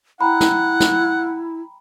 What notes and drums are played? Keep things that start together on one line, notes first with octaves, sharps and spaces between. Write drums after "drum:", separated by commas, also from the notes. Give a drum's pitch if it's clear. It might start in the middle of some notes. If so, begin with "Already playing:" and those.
E4 F#5 G5 A#5 B5
drum: snare
drum: snare